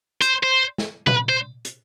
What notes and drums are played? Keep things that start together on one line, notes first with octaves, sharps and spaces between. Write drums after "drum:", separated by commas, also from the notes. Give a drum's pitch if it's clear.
C5, drum: hi-hat
C5
drum: snare
B4, drum: tom A#2
C5
drum: hi-hat